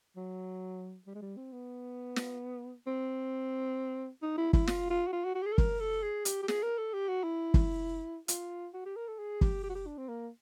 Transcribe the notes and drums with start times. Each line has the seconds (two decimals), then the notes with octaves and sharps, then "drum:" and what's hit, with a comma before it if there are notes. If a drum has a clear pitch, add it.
0.17 F#3
1.07 G3
1.15 G#3
1.22 G3
1.37 C4
1.52 B3
2.16 drum: snare
2.87 C4
4.22 D#4
4.38 E4
4.53 E4, drum: kick F#1
4.67 F4, drum: snare
4.90 F4
5.07 F#4
5.13 F4
5.25 F#4
5.35 F#4
5.42 G4
5.46 G#4
5.52 A4
5.58 A#4, drum: kick F#1
5.80 A4
6.03 G#4
6.25 G4, drum: hi-hat
6.43 G4
6.48 G#4, drum: snare
6.63 A#4
6.78 A4
6.94 G4
7.09 F#4
7.24 E4
7.54 drum: kick F#1
8.28 F4, drum: hi-hat
8.74 F#4
8.86 G4
8.96 A#4
9.08 A4
9.19 G#4
9.41 G4, drum: kick F#1
9.64 G4
9.70 F#4
9.75 G4
9.87 D4
9.98 C4
10.09 A#3